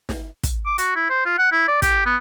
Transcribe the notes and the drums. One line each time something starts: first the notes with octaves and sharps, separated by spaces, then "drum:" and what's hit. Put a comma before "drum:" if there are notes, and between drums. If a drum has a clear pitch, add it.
drum: snare
drum: kick, hi-hat
D6
F#4, drum: hi-hat
E4
C5
F4
F#5
E4
D5
G4, drum: kick, hi-hat
B3